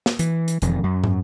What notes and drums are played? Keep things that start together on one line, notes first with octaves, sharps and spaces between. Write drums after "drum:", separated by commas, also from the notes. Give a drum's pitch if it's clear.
drum: snare
E3, drum: hi-hat
drum: hi-hat
E1 F2 D#3, drum: hi-hat
F#2
drum: tom